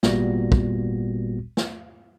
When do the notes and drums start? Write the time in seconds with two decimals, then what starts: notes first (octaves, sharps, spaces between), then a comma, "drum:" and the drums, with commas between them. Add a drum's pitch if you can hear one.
0.03 G#1 A#2 G3 B3 F#4 A#6, drum: snare
0.52 drum: kick
1.57 drum: snare